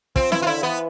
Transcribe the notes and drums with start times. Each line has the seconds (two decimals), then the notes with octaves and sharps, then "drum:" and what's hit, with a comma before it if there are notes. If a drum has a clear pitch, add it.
0.16 F3 C4, drum: kick
0.32 E3 E4, drum: snare
0.42 F4
0.47 D3 E4
0.57 D3
0.63 E3 B3